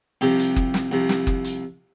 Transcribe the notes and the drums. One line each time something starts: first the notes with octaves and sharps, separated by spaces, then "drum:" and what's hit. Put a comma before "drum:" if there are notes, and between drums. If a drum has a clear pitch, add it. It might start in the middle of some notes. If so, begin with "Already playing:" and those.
C2 C3 F3 G4
drum: hi-hat
drum: kick F#1
drum: snare
C2 C3 F3
drum: snare
drum: kick F#1
drum: hi-hat